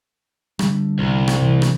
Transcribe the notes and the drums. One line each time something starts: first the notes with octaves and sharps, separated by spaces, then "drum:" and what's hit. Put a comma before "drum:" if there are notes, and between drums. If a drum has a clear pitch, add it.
D3 G3, drum: rim click
C2
drum: rim click
C3 E3
drum: rim click